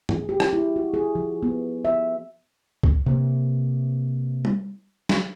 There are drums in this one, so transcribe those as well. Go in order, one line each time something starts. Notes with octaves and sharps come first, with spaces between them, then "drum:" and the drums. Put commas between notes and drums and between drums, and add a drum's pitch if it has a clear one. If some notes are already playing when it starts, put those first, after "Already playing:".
G#4, drum: tom G2
G4
drum: rim click
E4
F#4
G#4
F3
B3
E5
drum: kick C2
C3 A#3
drum: tom G3
drum: snare